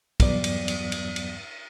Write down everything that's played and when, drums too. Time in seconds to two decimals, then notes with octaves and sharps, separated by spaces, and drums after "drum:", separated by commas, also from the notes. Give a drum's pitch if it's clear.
0.20 E2 G2 F#3 B3 D5, drum: kick, cymbal
0.44 drum: cymbal
0.68 drum: cymbal
0.92 drum: cymbal
1.16 drum: cymbal